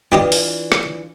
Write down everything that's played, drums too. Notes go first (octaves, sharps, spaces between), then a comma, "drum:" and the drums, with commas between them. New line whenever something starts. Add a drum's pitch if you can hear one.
E3 G3 D4 F4 G4 D#5
drum: open hi-hat
drum: rim click